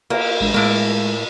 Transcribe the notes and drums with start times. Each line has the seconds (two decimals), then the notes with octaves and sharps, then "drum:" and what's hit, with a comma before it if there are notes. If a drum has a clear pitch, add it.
0.10 A#3, drum: cymbal
0.41 A1 G#3 D4
0.54 A2 G#3 A#3